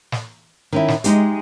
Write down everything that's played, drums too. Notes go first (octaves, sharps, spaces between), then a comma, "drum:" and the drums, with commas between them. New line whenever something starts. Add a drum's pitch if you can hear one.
drum: snare
D#3 C#4 E4
drum: snare
G#3 D#4 G4, drum: hi-hat